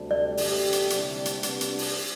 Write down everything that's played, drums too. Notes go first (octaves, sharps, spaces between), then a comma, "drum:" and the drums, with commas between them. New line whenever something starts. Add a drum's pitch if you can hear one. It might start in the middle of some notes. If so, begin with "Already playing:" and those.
Already playing: D2 C3 G3 D4
D5
F#2 D3 A3 D4 G4, drum: open hi-hat
drum: hi-hat
C2 C3 G3 D4, drum: hi-hat
drum: hi-hat
C2 C3 G3 B3 D4, drum: hi-hat
drum: hi-hat
drum: open hi-hat